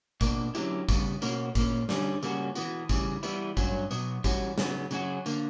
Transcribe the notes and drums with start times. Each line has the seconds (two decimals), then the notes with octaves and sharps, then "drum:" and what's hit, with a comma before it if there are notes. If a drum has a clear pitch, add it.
0.21 B2 A#3 D4, drum: kick, tambourine
0.55 D3 F#3 C#4 E4 G4, drum: tambourine
0.89 C#3 G3 B3, drum: kick, tambourine
1.22 B2 A#3 C#4 F#4, drum: tambourine
1.55 A#2 A#3 C#4, drum: kick, tambourine
1.89 D3 G3 C#4, drum: snare
2.23 C#3 G3 A#3 C#4 F#4, drum: tambourine
2.55 E3 B3 F#4, drum: tambourine
2.89 C#3 E3 G3, drum: kick, tambourine
3.23 E3 G3 B3 E4, drum: tambourine
3.57 G2 F#3 C#4, drum: kick, tambourine
3.91 B2 F#3 B3, drum: tambourine
4.24 E3 G3 C#4 F#4, drum: kick, tambourine
4.58 C#3 F#3 B3, drum: snare
4.91 C#3 F#3 C#4 F#4, drum: tambourine
5.26 D3 A#3, drum: tambourine